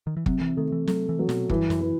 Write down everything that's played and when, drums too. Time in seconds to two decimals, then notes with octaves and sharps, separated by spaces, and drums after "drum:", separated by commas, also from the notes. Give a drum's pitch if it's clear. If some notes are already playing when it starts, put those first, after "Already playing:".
0.07 D#3
0.17 E3
0.26 C3 F#3, drum: kick
0.41 E3
0.57 D#3 A3
0.72 E3
0.87 F#3 A3, drum: snare
1.09 E3
1.19 F#3
1.29 B2, drum: snare
1.49 G2 E3, drum: kick
1.70 F#2, drum: snare
1.80 E3